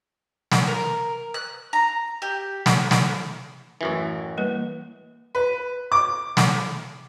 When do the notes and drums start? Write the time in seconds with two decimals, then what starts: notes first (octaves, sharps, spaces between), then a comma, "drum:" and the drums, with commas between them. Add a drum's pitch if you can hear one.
0.52 drum: snare
0.67 A#4
1.34 F#6
1.73 A#5
2.22 G4
2.66 drum: snare
2.91 drum: snare
3.81 A1 F#2 E3
4.37 G3 A#3 B4
5.35 B4
5.92 D6
6.37 drum: snare